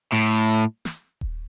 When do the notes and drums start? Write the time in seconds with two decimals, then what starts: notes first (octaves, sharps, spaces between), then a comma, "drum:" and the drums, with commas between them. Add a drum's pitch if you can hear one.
0.13 A2
0.85 drum: snare
1.21 drum: kick D#1